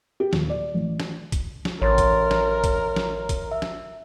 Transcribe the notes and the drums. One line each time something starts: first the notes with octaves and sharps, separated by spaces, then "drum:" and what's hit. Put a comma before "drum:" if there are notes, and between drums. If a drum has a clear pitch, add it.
G4
D#1, drum: snare
D5
A1
drum: snare
drum: kick, hi-hat
drum: snare
A1 A#4 C#5 C6 A6
drum: kick, hi-hat
drum: snare
drum: kick, hi-hat
drum: snare
drum: kick, hi-hat
E5
drum: snare